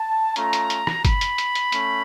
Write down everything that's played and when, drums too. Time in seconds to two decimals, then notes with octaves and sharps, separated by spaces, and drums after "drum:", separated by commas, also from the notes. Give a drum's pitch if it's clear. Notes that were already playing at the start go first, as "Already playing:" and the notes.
Already playing: A5
0.36 A3 C#4 F4 A#5, drum: hi-hat
0.53 drum: hi-hat
0.70 drum: hi-hat
0.87 drum: rim click
1.05 B5, drum: kick G1, hi-hat
1.21 drum: hi-hat
1.38 drum: hi-hat
1.55 drum: hi-hat
1.72 A3 C#4, drum: hi-hat